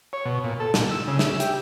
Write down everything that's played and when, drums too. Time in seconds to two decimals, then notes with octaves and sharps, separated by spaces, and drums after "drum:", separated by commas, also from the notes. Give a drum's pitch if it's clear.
0.13 C#5
0.25 B2
0.44 A#2
0.60 A4
0.74 A#2, drum: snare
0.91 E6
1.07 C#3
1.19 E5, drum: snare
1.40 G4, drum: hi-hat